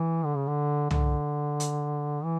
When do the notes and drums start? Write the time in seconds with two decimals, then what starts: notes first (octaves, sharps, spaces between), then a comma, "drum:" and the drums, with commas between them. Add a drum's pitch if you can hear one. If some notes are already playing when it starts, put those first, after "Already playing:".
Already playing: E3
0.25 D3
0.36 C#3
0.48 D3
0.91 D3, drum: tom
1.60 drum: hi-hat
2.24 E3